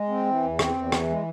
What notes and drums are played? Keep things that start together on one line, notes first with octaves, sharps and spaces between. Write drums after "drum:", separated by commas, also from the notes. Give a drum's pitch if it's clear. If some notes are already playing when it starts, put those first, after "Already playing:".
Already playing: G#3
C4
E3
E2
C4, drum: rim click
E2
E3, drum: rim click
G#3